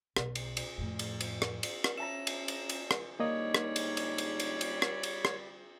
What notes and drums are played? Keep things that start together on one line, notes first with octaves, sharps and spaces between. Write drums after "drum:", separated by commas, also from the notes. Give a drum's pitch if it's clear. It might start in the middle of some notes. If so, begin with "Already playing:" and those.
B1, drum: rim click
drum: cymbal
drum: cymbal
F2 A2
drum: cymbal
drum: cymbal
drum: rim click
drum: cymbal
drum: rim click
C#4 E5 A5 A#5 E7
drum: cymbal
drum: cymbal
drum: cymbal
drum: rim click
G#2 D3 G3 A#3 D#4 C#5 D#5
drum: rim click
drum: cymbal
drum: cymbal
drum: cymbal
drum: cymbal
drum: cymbal
drum: rim click
drum: cymbal
drum: rim click